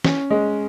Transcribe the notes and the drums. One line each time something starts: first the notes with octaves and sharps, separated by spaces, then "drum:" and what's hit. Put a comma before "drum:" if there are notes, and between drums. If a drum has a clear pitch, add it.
C#4, drum: snare
G#3